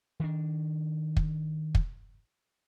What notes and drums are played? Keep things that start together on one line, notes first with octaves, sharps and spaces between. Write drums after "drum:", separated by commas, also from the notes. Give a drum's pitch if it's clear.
D#3 D4
drum: kick
drum: kick